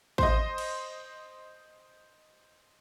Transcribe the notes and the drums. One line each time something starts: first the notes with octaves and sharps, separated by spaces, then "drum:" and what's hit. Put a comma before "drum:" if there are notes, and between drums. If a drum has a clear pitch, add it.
C5 D#5, drum: kick
drum: cymbal